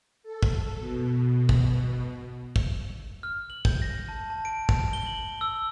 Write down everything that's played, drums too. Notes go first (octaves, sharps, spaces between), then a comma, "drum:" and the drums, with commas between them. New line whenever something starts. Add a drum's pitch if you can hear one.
A4
drum: kick
B2
drum: kick
drum: kick
F6
F#7
G6, drum: kick
A#6
A5
A5
D7
drum: kick
G7
F#7
E6